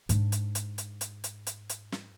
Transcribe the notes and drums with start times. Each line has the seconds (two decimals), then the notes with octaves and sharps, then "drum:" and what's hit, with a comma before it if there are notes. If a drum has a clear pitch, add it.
0.09 G#2 D4, drum: hi-hat
0.32 drum: hi-hat
0.55 drum: hi-hat
0.78 drum: hi-hat
1.01 drum: hi-hat
1.24 drum: hi-hat
1.47 drum: hi-hat
1.69 drum: hi-hat
1.92 drum: snare